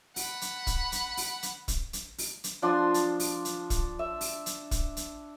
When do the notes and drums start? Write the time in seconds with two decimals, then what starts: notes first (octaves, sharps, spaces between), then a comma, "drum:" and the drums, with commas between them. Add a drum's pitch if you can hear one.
0.16 F#5 B5, drum: open hi-hat
0.41 drum: hi-hat
0.67 drum: kick, hi-hat
0.92 drum: hi-hat
1.17 drum: open hi-hat
1.43 drum: hi-hat
1.68 drum: kick, hi-hat
1.93 drum: hi-hat
2.18 drum: open hi-hat
2.44 drum: hi-hat
2.62 F3 D4 C6
2.94 drum: hi-hat
3.20 drum: open hi-hat
3.45 drum: hi-hat
3.70 drum: kick, hi-hat
3.99 E5
4.21 drum: open hi-hat
4.46 drum: hi-hat
4.71 drum: kick, hi-hat
4.97 drum: hi-hat